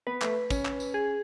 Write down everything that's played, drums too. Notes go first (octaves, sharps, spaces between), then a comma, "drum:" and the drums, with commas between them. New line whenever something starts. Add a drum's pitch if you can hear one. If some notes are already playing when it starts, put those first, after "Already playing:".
B3 B4
A3, drum: clap
C#4, drum: kick, tambourine
drum: clap
drum: tambourine
G#4